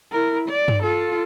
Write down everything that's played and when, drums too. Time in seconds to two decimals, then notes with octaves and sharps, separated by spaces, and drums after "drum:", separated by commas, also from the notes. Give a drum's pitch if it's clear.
0.12 E4 A#4
0.49 D5
0.68 drum: tom G2
0.83 F4 A4